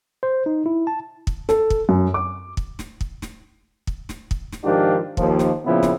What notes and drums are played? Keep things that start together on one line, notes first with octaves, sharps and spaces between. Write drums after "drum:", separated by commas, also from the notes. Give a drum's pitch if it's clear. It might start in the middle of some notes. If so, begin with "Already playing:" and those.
C5
D#4
E4
A5
drum: kick
A4, drum: snare
drum: kick
F#2
D6
drum: kick
drum: snare
drum: kick
drum: snare
drum: kick
drum: snare
drum: kick
drum: snare
G#2 D#3 F3 D4 F4 G4
D#2 F3, drum: kick
drum: snare
A#2 C#3 F3 B3 C4 E4
drum: snare